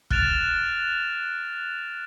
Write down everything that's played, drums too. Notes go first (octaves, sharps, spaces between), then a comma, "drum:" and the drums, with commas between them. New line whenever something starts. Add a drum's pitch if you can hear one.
F6 F#6 A6 D7 E7 F7, drum: kick